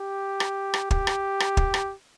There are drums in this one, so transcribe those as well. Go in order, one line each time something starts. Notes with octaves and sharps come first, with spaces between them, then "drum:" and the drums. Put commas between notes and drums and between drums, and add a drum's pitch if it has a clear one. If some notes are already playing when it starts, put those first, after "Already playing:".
Already playing: G4
drum: rim click
drum: rim click
G4, drum: kick
drum: rim click
drum: rim click
drum: kick
drum: rim click